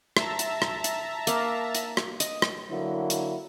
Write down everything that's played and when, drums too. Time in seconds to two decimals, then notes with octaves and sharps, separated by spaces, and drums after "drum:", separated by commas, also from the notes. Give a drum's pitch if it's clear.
0.17 E5 A5 A#5, drum: rim click
0.39 drum: hi-hat
0.62 drum: rim click
0.84 drum: hi-hat
1.27 A#3 F5, drum: hi-hat
1.75 drum: hi-hat
1.97 drum: rim click
2.20 D#5, drum: hi-hat
2.42 drum: rim click
2.70 D3 F#3 A#3 E4
3.10 drum: hi-hat